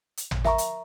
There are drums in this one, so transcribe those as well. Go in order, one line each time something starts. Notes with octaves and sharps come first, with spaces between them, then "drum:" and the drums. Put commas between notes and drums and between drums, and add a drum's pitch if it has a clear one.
drum: hi-hat
drum: tom
A#4 E5 A#5 C#6, drum: snare
drum: hi-hat